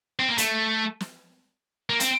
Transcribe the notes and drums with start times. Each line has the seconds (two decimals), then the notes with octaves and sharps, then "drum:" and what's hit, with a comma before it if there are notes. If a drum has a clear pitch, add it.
0.19 C4
0.29 A#3
0.38 A3, drum: hi-hat
1.00 drum: snare
1.90 A#3
2.00 C4, drum: hi-hat